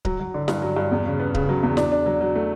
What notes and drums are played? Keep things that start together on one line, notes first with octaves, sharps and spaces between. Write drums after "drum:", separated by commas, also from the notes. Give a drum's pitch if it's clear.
F#3, drum: kick D1
F#3
D3
G2, drum: snare
F#3
G2
E2
C#3
B3
C#3, drum: kick D1
F#3
E2
D4, drum: snare
D4
F#3
F#3
A3